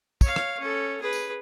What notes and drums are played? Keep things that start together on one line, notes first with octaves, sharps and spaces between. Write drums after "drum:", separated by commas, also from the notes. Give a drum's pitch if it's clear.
C#5 F5, drum: kick, tambourine
drum: rim click
C#4 A4
G#4 B4
drum: tambourine